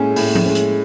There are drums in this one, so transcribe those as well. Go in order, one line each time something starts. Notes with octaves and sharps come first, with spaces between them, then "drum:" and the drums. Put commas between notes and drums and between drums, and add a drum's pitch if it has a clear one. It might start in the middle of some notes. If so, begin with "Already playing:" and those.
Already playing: A2 G#3 C#4
A2, drum: open hi-hat
drum: tom F3
G#3 C#4
drum: hi-hat